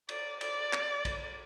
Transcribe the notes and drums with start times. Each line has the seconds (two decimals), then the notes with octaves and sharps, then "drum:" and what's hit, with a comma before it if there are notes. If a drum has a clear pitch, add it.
0.09 D5, drum: cymbal
0.41 D5, drum: cymbal
0.73 drum: clap
1.05 drum: kick B1, cymbal